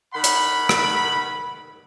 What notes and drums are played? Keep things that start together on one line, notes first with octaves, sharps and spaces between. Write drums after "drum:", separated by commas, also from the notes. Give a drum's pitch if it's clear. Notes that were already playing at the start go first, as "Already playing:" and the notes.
D#3 F#5 B5
drum: hi-hat
drum: rim click